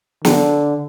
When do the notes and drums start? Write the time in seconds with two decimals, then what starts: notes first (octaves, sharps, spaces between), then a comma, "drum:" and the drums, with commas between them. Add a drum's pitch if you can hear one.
0.25 D3, drum: snare